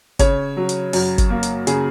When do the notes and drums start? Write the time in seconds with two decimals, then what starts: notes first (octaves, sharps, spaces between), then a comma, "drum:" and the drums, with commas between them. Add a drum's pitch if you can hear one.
0.19 C#3 C#5, drum: kick G1, hi-hat
0.57 F#3
0.69 drum: hi-hat
0.93 F#2, drum: open hi-hat
1.18 drum: kick G1, hi-hat
1.30 A#3
1.43 drum: hi-hat
1.67 C#3 G#4, drum: hi-hat